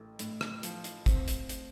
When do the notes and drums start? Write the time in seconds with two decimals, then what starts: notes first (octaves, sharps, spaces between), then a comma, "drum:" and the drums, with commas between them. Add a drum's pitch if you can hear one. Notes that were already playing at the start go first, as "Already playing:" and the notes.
Already playing: A1 A3
0.19 A2, drum: hi-hat
0.41 drum: rim click
0.63 F3, drum: hi-hat
0.84 drum: hi-hat
1.06 C4, drum: kick, hi-hat
1.28 drum: hi-hat
1.49 drum: hi-hat